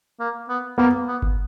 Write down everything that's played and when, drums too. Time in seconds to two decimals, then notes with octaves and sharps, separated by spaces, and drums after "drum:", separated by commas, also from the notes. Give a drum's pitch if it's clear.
0.20 A#3
0.49 B3
0.78 A#3 B3
1.08 B3
1.22 drum: kick G1